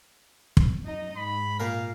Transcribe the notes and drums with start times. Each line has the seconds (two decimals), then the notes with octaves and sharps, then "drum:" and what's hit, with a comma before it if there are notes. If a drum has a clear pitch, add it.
0.57 drum: kick
0.84 F#2 D#4 D#5
1.17 G#2 B5
1.60 A#2 A#4 F5